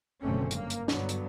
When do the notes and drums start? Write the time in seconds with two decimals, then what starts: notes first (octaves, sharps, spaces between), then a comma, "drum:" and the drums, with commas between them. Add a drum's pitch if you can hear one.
0.21 F#1 B2 D3 A3 C4 C#4
0.51 G2 A#3, drum: hi-hat
0.70 drum: hi-hat
0.88 G2 D3 F#3 B3, drum: snare
1.09 drum: hi-hat